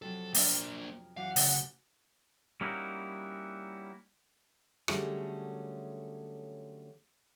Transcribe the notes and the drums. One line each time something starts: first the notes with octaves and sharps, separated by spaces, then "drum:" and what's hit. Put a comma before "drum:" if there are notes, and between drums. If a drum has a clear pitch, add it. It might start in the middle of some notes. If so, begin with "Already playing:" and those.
F2 C3 F#3 A4
A#3 D4 A#5 F6, drum: open hi-hat
F#2 E3 F5 F#5 D6
D2 C#3, drum: open hi-hat
G3 A#3 C#4 D#4 E4 F#4
D3 F#3 G3 A3 C#4 G#4, drum: rim click